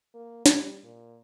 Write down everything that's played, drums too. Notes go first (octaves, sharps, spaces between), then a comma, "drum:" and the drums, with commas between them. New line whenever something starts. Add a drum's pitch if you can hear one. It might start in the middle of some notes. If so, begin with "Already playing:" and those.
A#3
G3, drum: snare
A#2